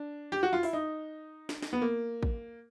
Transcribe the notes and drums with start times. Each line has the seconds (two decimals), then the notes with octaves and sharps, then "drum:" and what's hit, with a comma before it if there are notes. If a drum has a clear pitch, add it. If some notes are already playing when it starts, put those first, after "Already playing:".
Already playing: D4
0.32 G4
0.43 F#4
0.53 F4
0.63 E4, drum: open hi-hat
0.73 D#4
1.49 drum: snare
1.62 drum: snare
1.73 B3
1.82 A#3
2.23 drum: kick